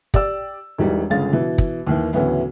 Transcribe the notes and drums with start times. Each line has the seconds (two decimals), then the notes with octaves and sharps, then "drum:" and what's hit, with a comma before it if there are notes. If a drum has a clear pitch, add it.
0.14 G4 D5 E6, drum: kick
0.78 E1 E3 G3 D#4
1.10 G1 C#3 G#3 F5 A6
1.33 B2 E3
1.58 drum: kick
1.87 D#2 D#3 E3
2.13 D2 A2 C#3 E3 F#3 B3